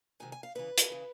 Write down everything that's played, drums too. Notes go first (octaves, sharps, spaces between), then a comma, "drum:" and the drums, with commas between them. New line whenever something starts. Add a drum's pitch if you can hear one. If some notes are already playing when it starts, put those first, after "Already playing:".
C3 D#3 G#3 G#5
G#5
F5
E2 C#3 E3 B4
drum: hi-hat
C#3 E3